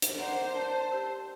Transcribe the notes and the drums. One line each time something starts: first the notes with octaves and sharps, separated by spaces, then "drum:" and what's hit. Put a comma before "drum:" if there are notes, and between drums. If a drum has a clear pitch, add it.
drum: hi-hat
A#4 C5 D5 F#5
A5
G4 E6